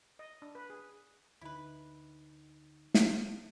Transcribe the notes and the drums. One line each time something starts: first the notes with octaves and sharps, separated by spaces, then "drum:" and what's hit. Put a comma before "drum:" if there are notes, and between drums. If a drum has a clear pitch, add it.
D#5
D4
B4
G#4
D2 D3 D#4 E4 B4
drum: snare